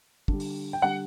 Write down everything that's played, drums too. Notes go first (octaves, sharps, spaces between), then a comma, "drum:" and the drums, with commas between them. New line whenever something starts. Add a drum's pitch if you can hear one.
D3 G3, drum: kick
drum: open hi-hat
G5
D3 G3 F#5